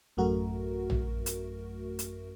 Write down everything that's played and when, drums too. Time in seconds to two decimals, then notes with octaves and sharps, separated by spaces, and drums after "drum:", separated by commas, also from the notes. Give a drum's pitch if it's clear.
0.17 A1 F#2 A3 F#4 A#4
0.90 drum: tom A#1
1.26 drum: hi-hat
1.99 drum: hi-hat